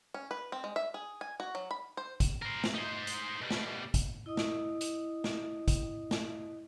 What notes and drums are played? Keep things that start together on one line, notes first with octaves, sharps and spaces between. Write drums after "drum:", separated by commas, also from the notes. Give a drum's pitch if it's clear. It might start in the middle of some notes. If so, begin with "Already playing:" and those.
C#4
B4
C4
G#3
E5
G#4
G#5
F#4
F#3
B5
C5
drum: kick, hi-hat
A#4 C5
drum: snare
D#4 C5
drum: hi-hat
B2 G3
drum: snare
drum: kick, hi-hat
E4 D#5 D#6
drum: snare
drum: hi-hat
drum: snare
drum: kick, hi-hat
drum: snare